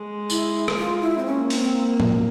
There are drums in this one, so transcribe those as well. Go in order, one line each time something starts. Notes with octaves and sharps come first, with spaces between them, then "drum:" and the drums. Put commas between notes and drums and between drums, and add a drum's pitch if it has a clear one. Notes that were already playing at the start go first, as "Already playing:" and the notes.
Already playing: G#3
E4, drum: tambourine
drum: rim click
F4
E4
C4
A#3 C#4
C4, drum: open hi-hat
A#3
drum: tom A2